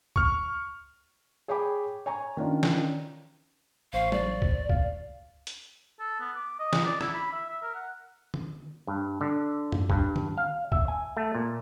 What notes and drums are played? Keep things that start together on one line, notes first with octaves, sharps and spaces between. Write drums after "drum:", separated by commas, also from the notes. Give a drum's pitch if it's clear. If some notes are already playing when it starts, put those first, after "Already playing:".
C#6 F6, drum: kick
G#4 C#5 G5 G#5 B5 D6
C#5 G#5 A#5 C#6
D#3 C#4 D4 F4
drum: snare
A1 C5 F5 C#6
D5, drum: tom
drum: kick
F5, drum: kick
drum: hi-hat
A4
B3
D6
D#5
drum: snare
D5
E4, drum: rim click
B5
E5
E5
A#4
F#5
drum: tom D3
G2
D3
drum: tom F#2
G2, drum: kick
drum: tom D3
F5
E5, drum: kick
G#5
A3
A#2